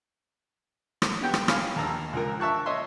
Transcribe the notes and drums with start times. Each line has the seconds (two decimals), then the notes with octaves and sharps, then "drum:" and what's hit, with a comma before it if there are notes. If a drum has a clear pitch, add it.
1.02 drum: rim click
1.22 B3 G4 F#5 G5
1.34 drum: rim click
1.48 F5 G#5 B5 F6, drum: rim click
1.76 D#2 A5 A#5 E6
2.13 C#2 F3 A#4
2.40 E5 A5 C#6 F#6
2.66 C#5 D#5 E5 C6